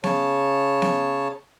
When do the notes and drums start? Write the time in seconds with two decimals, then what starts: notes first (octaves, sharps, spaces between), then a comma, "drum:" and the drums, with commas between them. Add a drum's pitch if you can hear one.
0.04 C#3 C#5 A5, drum: snare B3
0.82 drum: snare B3